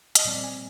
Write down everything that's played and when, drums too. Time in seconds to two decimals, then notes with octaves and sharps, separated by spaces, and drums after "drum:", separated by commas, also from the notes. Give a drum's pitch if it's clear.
0.15 D#5, drum: hi-hat
0.25 A#2 G3 C4 D5
0.43 G#5